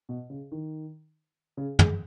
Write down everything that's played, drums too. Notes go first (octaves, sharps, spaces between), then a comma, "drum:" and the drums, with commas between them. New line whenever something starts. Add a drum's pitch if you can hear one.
B2
C#3
D#3
C#3
G#3, drum: tom